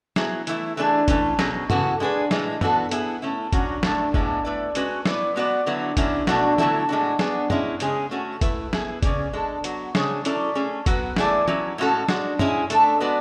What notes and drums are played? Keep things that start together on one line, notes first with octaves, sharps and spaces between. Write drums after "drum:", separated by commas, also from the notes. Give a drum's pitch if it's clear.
F#3 B3 E4 G#4, drum: snare
E3 A3 E4, drum: hi-hat
E3 A3 D4 G#4
E3 A3 C#4, drum: kick F#1, hi-hat
B2 F#3 C#4 G#4, drum: snare
C#3 E3 B3 F#4 A4, drum: tom G2
G#3 D4 G#4 B4
A2 E3 G#3, drum: snare
E3 B3 D4 F#4 A4, drum: tom
B3 E4 G#4, drum: hi-hat
A3 C#4 E4
D3 F#3 C#4 F#4, drum: kick F#1, hi-hat
A2 F#3 A3 D4, drum: snare
A2 G#3 B3 D4, drum: kick F#1
A3 E4 B4 D5
G#3 C#4 F#4 B4, drum: hi-hat
B3 E4 B4 D5, drum: snare
G#3 B3 F#4 B4 D5
D3 F#3 B3 E4
D3 F#3 C#4 E4, drum: kick F#1, hi-hat
B2 A3 D4 F#4, drum: snare
D3 F#3 A3 E4 A4, drum: tom
A2 G#3 D4 F#4
B3 D4 G#4, drum: snare
G#3 C#4 E4, drum: tom
C#3 G#3 C#4 G#4, drum: hi-hat
A3 C#4 F#4
A3 E4 B4, drum: kick F#1, hi-hat
B3 E4 G#4, drum: snare
C#3 F#3 C#4 G#4 D5, drum: kick F#1, hi-hat
G#3 D4 A4
F#3 B3 F#4, drum: hi-hat
C#3 G#3 D4 G#4 C#5, drum: snare
F#3 C#4 E4 A4 D5, drum: hi-hat
A3 C#4 G#4
F#3 B3 F#4 B4, drum: kick F#1, hi-hat
E3 A3 E4 G#4 D5, drum: snare
F#3 C#4 E4, drum: tom
A2 G#3 C#4 F#4 A4
G#3 D4 F#4, drum: snare
G#3 C#4 E4 G#4, drum: tom
A3 D4 A4, drum: hi-hat
G#3 B3 F#4 B4 D5